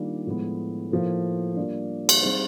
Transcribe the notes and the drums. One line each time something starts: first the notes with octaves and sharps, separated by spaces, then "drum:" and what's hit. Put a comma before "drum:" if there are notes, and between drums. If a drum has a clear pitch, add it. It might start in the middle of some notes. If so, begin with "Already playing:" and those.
Already playing: D#3 G3 A#3 D4 F4
A2 F3 G#3 B3
A2 F3 A#3
G3 A#3 D4 F4
drum: cymbal
G3 C4 D#4 G#4 C5